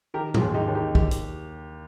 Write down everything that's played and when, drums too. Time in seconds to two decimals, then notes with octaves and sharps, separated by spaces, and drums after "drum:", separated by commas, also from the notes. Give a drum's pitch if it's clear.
0.14 D#3 G4 A#4
0.34 F4 G#4, drum: tom G#2
0.41 D#2
0.54 D#4 G4
0.68 D#2
0.75 D#4 G4
0.95 G4, drum: kick
1.11 drum: hi-hat